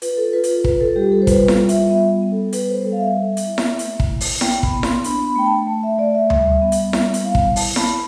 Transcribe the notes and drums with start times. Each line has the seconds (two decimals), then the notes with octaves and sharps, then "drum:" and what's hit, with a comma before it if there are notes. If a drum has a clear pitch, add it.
0.02 F4 B4, drum: hi-hat
0.17 A4
0.33 F4 B4
0.44 drum: hi-hat
0.64 F4 B4, drum: kick
0.81 A4
0.96 G3 G4
1.12 A4
1.22 C5
1.27 F4 B4, drum: kick, hi-hat
1.48 drum: snare E4
1.59 G3
1.69 E5, drum: hi-hat
1.90 B3 E5
2.22 B3
2.32 A4
2.53 G3 B4, drum: hi-hat
2.69 C5
2.85 G3 A4
2.92 F5
2.99 E5
3.16 B3
3.37 drum: hi-hat
3.47 E4
3.58 drum: snare E4
3.79 A3, drum: hi-hat
4.00 drum: kick
4.10 E4
4.21 drum: open hi-hat
4.41 B3 G5, drum: snare E4
4.63 B5, drum: kick
4.72 B3
4.83 C6, drum: snare E4
5.04 D4 B5, drum: hi-hat
5.25 B5
5.36 A3 G5
5.46 A5
5.67 A3
5.83 E5
5.98 A3 D5
6.15 E5
6.30 G3 E5, drum: tom D2
6.62 B3
6.72 drum: hi-hat
6.93 G3 E5, drum: snare E4
7.14 drum: hi-hat
7.24 E4 F5
7.35 drum: kick
7.56 E4 A5, drum: open hi-hat
7.76 B5, drum: snare E4
7.87 E4